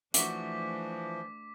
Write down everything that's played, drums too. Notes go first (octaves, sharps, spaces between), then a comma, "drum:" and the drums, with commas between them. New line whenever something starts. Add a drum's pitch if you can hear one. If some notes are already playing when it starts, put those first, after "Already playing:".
E3 F3 A3 D4 F#4 E5 D6 B6, drum: hi-hat